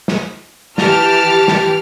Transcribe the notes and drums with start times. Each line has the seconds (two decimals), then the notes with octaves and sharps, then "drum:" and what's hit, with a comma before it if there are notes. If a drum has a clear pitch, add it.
0.08 drum: snare
0.78 E3 G4 A5 F6, drum: snare
1.48 drum: snare